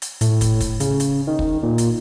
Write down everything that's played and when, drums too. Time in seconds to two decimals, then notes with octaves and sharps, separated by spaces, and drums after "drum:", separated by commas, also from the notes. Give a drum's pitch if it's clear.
0.02 drum: hi-hat
0.21 A2, drum: hi-hat
0.41 drum: kick, hi-hat
0.61 drum: kick, hi-hat
0.80 C#3, drum: hi-hat
1.00 drum: hi-hat
1.27 D#3
1.39 drum: kick
1.63 A#2
1.78 drum: hi-hat